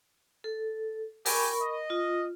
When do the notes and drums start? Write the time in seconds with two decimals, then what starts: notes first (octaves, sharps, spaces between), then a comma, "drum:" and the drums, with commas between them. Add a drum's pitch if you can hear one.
0.44 A4
1.26 G4 A#4 G5 G#5 B5 C#6, drum: open hi-hat
1.60 D#5
1.90 F4